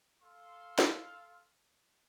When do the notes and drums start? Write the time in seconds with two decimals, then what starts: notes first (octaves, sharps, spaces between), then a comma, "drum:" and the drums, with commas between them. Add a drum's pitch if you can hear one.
0.23 A4 F5 C6
0.79 drum: snare